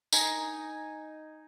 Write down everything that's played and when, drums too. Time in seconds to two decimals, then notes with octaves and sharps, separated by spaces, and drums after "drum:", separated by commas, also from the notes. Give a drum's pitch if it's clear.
0.12 D#4 G#5 A#5, drum: tambourine